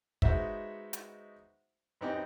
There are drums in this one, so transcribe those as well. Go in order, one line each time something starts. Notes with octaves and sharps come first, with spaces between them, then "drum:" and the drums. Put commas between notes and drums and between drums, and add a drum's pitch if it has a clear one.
G#3 B3 D#4 F#4 C5 E5, drum: kick
drum: hi-hat
F#2 B3 C4 D#4 G4 G#5